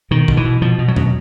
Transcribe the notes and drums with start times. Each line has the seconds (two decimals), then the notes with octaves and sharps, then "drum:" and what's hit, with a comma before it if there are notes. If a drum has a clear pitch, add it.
0.11 B2 D#3
0.28 B2, drum: kick
0.37 E3
0.45 B2
0.62 B2 F3
0.79 B2
0.88 F#3
0.96 B2, drum: tom E2